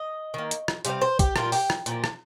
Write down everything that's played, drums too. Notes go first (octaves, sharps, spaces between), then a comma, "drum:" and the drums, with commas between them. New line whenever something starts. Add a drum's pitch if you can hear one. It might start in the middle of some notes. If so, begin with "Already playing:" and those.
Already playing: D#5
D#3 A#3
drum: hi-hat
drum: rim click
C3 G3 C4 F5, drum: hi-hat
C5
G4, drum: kick, hi-hat
A#2 G3 A#3 F4, drum: rim click
G4, drum: open hi-hat
drum: rim click
A#2 F3 A#3, drum: hi-hat
drum: rim click